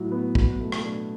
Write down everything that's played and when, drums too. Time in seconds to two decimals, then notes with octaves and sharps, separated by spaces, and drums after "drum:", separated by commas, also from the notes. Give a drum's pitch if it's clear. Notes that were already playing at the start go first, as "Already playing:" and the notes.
Already playing: A2 F#3
0.11 B3
0.35 B2, drum: kick
0.60 A3
0.72 drum: rim click
0.85 D4